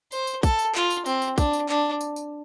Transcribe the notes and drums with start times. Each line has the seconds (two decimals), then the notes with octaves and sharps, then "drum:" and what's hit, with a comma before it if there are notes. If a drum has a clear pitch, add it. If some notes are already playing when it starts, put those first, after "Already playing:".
0.12 C5, drum: tambourine
0.27 drum: tambourine
0.43 A4, drum: kick, tambourine
0.59 drum: tambourine
0.75 F4, drum: clap
0.90 drum: tambourine
1.06 C4, drum: tambourine
1.22 drum: tambourine
1.38 D4, drum: kick, tambourine
1.53 drum: tambourine
1.69 D4, drum: clap
2.01 drum: tambourine
2.16 drum: tambourine